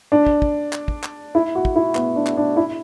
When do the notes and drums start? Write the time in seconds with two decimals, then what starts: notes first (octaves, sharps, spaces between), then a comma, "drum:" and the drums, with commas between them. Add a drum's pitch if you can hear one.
0.12 D4
0.27 drum: kick
0.42 drum: kick
0.73 drum: clap
0.88 drum: kick
1.03 drum: clap
1.35 E4
1.55 F#4
1.65 drum: kick
1.76 E4
1.95 B3, drum: clap
2.16 D4
2.26 drum: clap
2.37 D4
2.57 E4